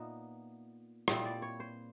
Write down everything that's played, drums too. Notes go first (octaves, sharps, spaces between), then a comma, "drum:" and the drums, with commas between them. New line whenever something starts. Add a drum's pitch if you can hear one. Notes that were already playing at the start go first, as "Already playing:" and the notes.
Already playing: A#2 B3 D#4 E5
A#2 G3 C4 E4 D#5, drum: rim click
D5
C#5
C5